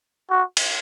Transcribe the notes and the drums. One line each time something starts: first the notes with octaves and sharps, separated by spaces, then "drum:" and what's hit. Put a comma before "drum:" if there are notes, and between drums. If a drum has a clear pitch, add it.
F#4
drum: cymbal